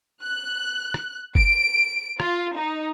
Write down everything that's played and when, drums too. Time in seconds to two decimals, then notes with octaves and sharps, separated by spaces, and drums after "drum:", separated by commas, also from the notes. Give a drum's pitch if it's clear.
0.21 F#6
0.94 drum: rim click
1.35 D7, drum: kick F#1
2.20 F4, drum: rim click
2.55 D#4